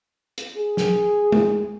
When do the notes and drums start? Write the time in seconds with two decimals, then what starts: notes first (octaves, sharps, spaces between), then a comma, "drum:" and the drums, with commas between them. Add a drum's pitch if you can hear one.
0.38 drum: hi-hat
0.57 G#4
0.77 drum: snare
1.32 drum: tom G#3